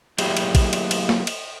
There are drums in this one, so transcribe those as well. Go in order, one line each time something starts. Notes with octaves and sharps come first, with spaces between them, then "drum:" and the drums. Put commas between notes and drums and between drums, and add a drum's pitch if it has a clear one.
F#3 A3 A#3 E4 G4 G#4, drum: cymbal
drum: cymbal
drum: kick, cymbal
drum: cymbal
drum: cymbal
drum: snare
drum: cymbal